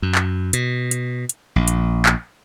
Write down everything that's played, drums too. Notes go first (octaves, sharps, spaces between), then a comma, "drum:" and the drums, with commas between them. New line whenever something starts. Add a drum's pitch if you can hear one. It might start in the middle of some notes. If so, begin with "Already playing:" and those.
F#2
drum: clap
B2, drum: hi-hat
drum: hi-hat
drum: hi-hat
A#1
drum: hi-hat
drum: clap